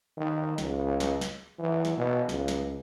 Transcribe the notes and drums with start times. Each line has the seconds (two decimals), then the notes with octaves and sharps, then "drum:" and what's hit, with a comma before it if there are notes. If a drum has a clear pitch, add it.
0.17 D#3
0.58 C#2, drum: snare
1.00 drum: snare
1.21 drum: snare
1.59 E3
1.85 drum: snare
1.97 B2
2.29 C#2, drum: snare
2.48 drum: snare